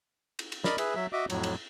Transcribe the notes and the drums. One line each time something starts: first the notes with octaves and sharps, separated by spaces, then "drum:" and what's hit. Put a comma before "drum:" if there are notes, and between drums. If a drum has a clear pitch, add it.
drum: cymbal
drum: cymbal
A#4 D5 D#5 B5, drum: snare
G#4 B4 E5, drum: cymbal
F#3 E5
F#4 D#5 E5 D6
F2 A2 F#3, drum: cymbal
drum: cymbal